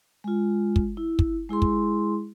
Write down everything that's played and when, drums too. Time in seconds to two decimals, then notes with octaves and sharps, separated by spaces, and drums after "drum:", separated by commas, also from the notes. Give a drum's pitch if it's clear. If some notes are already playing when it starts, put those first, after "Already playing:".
0.24 G#3 F4
0.76 drum: kick
0.97 E4
1.19 drum: kick
1.49 G#3 E4 G#4 C6
1.62 drum: kick